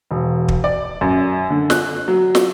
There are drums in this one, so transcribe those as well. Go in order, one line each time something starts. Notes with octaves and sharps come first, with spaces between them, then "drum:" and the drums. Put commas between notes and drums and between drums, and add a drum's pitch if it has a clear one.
E1
drum: kick
D5
F#2
D3
F#6, drum: snare
F#3
drum: snare